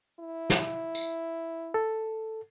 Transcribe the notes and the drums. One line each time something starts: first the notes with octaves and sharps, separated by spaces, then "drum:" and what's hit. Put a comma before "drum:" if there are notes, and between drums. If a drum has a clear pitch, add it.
E4
drum: snare
drum: tambourine
A4